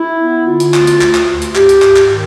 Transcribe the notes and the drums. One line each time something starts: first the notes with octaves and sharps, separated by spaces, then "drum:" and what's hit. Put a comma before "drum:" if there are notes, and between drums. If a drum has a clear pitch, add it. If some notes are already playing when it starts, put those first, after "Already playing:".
Already playing: E4
B3
D3 F4
drum: hi-hat
D2, drum: clap
drum: hi-hat
D2, drum: clap
drum: clap
D2
drum: hi-hat
G#2 G4, drum: clap
drum: hi-hat
G#2, drum: clap
drum: clap
D#3 G4